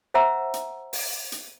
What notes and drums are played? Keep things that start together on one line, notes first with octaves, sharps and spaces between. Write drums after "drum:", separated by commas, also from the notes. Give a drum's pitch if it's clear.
C5 E5 F#5 A#5 E6
drum: hi-hat
drum: open hi-hat
drum: hi-hat